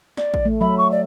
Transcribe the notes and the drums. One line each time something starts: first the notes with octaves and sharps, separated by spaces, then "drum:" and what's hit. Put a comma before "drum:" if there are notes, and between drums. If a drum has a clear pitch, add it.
D5, drum: snare
drum: kick A1
A3
F#3 E5 B5
C#6
D5